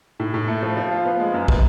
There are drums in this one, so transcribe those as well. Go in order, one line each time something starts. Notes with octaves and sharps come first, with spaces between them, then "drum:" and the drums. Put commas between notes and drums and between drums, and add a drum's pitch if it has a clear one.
A2
A2
A3
F3
F3
F4
B3
G#3
F#2
B3, drum: kick